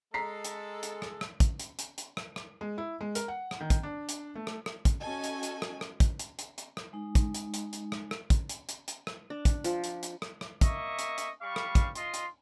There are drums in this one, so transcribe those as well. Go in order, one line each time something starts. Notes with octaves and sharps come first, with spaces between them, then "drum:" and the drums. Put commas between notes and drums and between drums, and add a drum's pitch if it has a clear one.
G#3 A4 A#5 B6 C7
drum: hi-hat
drum: hi-hat
drum: rim click
drum: rim click
drum: kick, hi-hat
drum: hi-hat
drum: hi-hat
drum: hi-hat
drum: rim click
drum: rim click
G#3
E4
G#3
A#4, drum: hi-hat
F#5
drum: rim click
D#3
drum: kick, hi-hat
D4
drum: hi-hat
A3
drum: rim click
drum: rim click
drum: kick, hi-hat
C#4 F#4 A4 D#5 G#5
drum: hi-hat
drum: hi-hat
drum: rim click
drum: rim click
drum: kick, hi-hat
drum: hi-hat
drum: hi-hat
drum: hi-hat
drum: rim click
G#3 D#4
drum: kick, hi-hat
drum: hi-hat
drum: hi-hat
drum: hi-hat
drum: rim click
drum: rim click
drum: kick, hi-hat
drum: hi-hat
drum: hi-hat
drum: hi-hat
drum: rim click
D4
drum: kick, hi-hat
F3, drum: hi-hat
drum: hi-hat
drum: hi-hat
drum: rim click
drum: rim click
A#3 D#5 E5 C#6, drum: kick, hi-hat
drum: hi-hat
drum: hi-hat
G3 F5 B5 C#6
drum: rim click
drum: kick, hi-hat
F4 D#5 C6, drum: hi-hat
drum: hi-hat